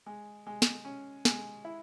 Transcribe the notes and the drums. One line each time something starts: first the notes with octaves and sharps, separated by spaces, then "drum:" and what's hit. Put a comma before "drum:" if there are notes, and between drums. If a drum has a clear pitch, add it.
G#3
G#3
drum: snare
C#4
G#3, drum: snare
E4